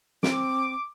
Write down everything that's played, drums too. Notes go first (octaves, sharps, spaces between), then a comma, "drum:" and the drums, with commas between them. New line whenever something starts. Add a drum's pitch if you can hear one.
C4 D6, drum: snare